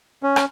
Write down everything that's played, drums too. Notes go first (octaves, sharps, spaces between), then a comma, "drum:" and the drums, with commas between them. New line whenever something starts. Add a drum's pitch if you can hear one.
C#4
drum: rim click